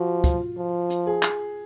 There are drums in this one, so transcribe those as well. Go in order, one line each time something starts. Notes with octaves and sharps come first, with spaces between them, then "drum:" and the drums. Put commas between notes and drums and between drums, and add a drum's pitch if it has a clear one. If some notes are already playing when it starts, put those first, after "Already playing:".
Already playing: F3 F#4
F4, drum: kick, hi-hat
F3
drum: hi-hat
G#4
drum: clap